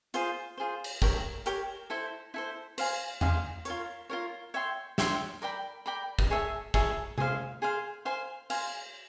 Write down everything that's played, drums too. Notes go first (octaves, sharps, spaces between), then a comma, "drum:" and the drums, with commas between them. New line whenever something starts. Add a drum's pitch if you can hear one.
F4 G#4 C5, drum: hi-hat
F4 G#4 C5
drum: cymbal
G4 A#4 C#5, drum: kick
G4 A#4 C#5, drum: hi-hat
E4 A4 C5
E4 A4 C5
C5 F5 G#5, drum: cymbal
C5 F5 G#5, drum: tom E2
F4 A#4 C#5, drum: hi-hat
F4 A#4 C#5
C#5 E5 G5 C6
C#5 E5 G5 C6, drum: snare
A#4 D5 G5 B5
A#4 D5 G5 B5
drum: kick
G#4 C#5 E5 A5
G#4 C#5 E5 A5, drum: kick
G#4 C5 F5, drum: tom C3
G#4 C5 F5
C5 F5 G#5
C5 F5 G#5, drum: cymbal